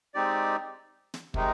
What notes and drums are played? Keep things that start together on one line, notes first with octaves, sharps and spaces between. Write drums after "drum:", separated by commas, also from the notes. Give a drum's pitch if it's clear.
G#3 C4 D#4 G4 D5
drum: snare
C3 D#3 G#3 D#4, drum: kick